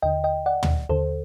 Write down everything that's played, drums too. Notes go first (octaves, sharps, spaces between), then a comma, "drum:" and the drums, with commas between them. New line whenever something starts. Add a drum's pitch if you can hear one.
D#2 D3 D#5 G5
D#5 G5
D5 F#5
drum: tom
D#2 D3 A4 C5